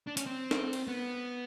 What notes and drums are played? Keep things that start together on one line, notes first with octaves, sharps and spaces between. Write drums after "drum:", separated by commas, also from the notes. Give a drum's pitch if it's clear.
D4
C#4, drum: hi-hat
C4
drum: snare
drum: cymbal
B3